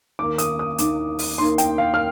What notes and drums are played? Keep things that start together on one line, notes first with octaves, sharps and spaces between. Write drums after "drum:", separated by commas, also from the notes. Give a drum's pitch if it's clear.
D#2 D#3 A#3 D6
D#6, drum: hi-hat
D#6
D#2 D#3 A#3 D6, drum: hi-hat
drum: open hi-hat
D#2 D#3 A#3 C6
G5, drum: hi-hat
F5
F6